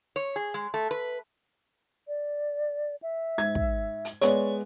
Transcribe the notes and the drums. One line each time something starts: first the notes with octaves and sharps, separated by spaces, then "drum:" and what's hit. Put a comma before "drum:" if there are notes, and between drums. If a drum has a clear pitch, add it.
C#5
G#4
G#3
A3
B4
D5
E5
G#2 G#6
drum: kick
drum: hi-hat
G#3 B3 C#5 D5, drum: hi-hat